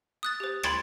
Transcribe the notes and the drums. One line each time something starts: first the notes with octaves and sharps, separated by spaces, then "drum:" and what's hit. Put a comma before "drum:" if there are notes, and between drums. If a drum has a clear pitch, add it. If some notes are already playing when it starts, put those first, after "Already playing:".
D#6 F#6 A6
G4 C5
B5 C6 G#6 A6 D7, drum: rim click